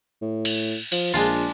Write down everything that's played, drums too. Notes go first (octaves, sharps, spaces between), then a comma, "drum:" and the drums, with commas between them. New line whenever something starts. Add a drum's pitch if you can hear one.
A2
drum: cymbal
F3, drum: cymbal
A#1 G#3 D4 F4